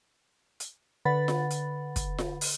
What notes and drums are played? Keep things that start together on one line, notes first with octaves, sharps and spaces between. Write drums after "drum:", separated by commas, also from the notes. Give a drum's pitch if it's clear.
drum: hi-hat
D3 B4 F#5 B5 A6
drum: snare F4
drum: hi-hat
drum: kick, hi-hat
drum: snare F4
drum: open hi-hat